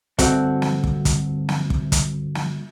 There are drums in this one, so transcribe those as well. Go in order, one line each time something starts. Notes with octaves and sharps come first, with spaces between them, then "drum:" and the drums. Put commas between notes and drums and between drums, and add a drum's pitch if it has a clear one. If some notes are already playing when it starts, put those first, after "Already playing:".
D2 G2 C4 F#4 A4 E5, drum: kick, hi-hat
drum: snare
drum: kick
drum: kick, hi-hat
drum: snare
drum: kick
drum: kick, hi-hat
drum: snare